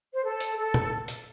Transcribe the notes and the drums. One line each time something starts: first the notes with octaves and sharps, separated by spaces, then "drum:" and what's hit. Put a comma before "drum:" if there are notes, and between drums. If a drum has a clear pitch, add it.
C5
A4
drum: hi-hat
A4
drum: tom
drum: hi-hat